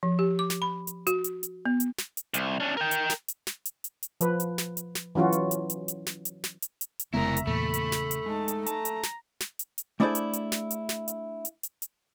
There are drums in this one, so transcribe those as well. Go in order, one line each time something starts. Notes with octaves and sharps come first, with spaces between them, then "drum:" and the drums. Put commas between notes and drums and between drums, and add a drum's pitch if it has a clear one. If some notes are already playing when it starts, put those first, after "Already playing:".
F3
G4
D6
drum: snare
B5
drum: hi-hat
F#4, drum: hi-hat
drum: hi-hat
drum: hi-hat
B3
drum: hi-hat
drum: snare
drum: hi-hat
C2, drum: hi-hat
C#4 D4
A#4 G5
drum: hi-hat
drum: snare
drum: hi-hat
drum: snare
drum: hi-hat
drum: hi-hat
drum: hi-hat
F3 B4, drum: hi-hat
drum: hi-hat
drum: snare
drum: hi-hat
drum: snare
E3 F#3 C#4 F4 F#4
drum: hi-hat
drum: hi-hat
drum: hi-hat
drum: hi-hat
drum: snare
drum: hi-hat
drum: snare
drum: hi-hat
drum: hi-hat
drum: hi-hat
F1 C#3 G#3 B3 E4 A#4 E5 A#5
drum: hi-hat
E2 A#2 A3 B5
drum: hi-hat
drum: snare
drum: hi-hat
G#3 D#4 A5
drum: hi-hat
A5 A#5, drum: hi-hat
drum: hi-hat
drum: snare
drum: snare
drum: hi-hat
drum: hi-hat
A3 D4 E4 G#4 C5 D5
drum: hi-hat
drum: hi-hat
drum: snare
drum: hi-hat
drum: snare
drum: hi-hat
drum: hi-hat
drum: hi-hat
drum: hi-hat